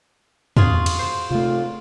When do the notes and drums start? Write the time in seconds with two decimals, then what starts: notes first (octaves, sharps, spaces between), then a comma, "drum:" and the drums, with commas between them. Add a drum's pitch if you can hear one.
0.57 F4 F#4 G#4, drum: tom E2
0.86 drum: cymbal
0.99 C5
1.31 C3 A3 F4